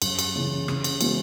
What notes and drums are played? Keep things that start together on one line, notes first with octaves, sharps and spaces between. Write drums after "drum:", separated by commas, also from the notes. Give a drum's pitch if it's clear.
F#2, drum: cymbal
drum: cymbal
C#3 E3
C#3, drum: rim click
drum: cymbal
E3 G#3 B3 F#4, drum: cymbal